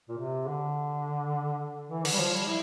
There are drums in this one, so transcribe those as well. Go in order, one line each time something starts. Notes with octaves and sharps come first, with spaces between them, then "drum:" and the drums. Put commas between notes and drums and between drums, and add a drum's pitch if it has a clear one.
A#2
C3
D3
E3
D3, drum: cymbal
G3
F3
G3
E4